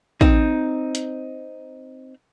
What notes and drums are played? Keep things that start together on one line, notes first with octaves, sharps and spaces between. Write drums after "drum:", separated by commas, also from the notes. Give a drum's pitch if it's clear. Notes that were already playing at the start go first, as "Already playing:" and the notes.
C4 D#4, drum: kick
drum: hi-hat